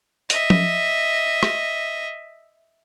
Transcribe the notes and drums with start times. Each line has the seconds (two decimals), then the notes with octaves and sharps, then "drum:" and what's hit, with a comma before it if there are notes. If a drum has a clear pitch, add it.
0.30 D#5 E5, drum: hi-hat
0.50 drum: tom F3
1.43 drum: rim click